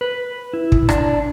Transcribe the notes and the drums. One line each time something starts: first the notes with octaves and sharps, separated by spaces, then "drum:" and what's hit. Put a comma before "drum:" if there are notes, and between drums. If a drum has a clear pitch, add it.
B4
E4
drum: kick
D4, drum: rim click